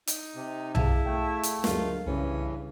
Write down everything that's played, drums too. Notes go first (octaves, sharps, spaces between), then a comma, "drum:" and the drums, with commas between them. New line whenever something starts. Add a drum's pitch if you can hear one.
D#4, drum: hi-hat
C3
E4 G#4 F5 A5, drum: tom B1
A3 G5
drum: hi-hat
D2 F#3 G#3 F4 A#4 F5, drum: snare
C2 G2 C#3 E3 C#4